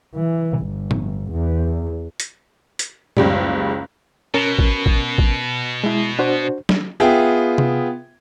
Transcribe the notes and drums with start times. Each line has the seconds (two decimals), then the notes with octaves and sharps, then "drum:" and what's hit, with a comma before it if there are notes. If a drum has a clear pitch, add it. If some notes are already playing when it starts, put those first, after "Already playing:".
0.15 E3
0.60 G1
0.91 drum: tom
1.32 E2
2.20 drum: hi-hat
2.79 drum: hi-hat
3.17 F#1 C#2 G3, drum: tom
4.34 B2 C#4 A#4
4.59 drum: kick A1
4.86 drum: kick A1
5.18 drum: kick A1
5.84 G#3 E4
6.19 D4 F#4 C5
6.69 drum: snare
7.00 B3 F4 G#4 E5 G5
7.58 drum: tom C3